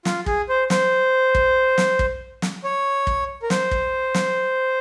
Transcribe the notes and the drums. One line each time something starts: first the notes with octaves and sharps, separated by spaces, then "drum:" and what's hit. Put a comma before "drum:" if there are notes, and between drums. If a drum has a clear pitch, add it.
F4, drum: snare
G#4, drum: kick
C5
C5, drum: snare
drum: kick
drum: snare
drum: kick
drum: snare
C#5
drum: kick
A#4
C5, drum: snare
drum: kick
drum: snare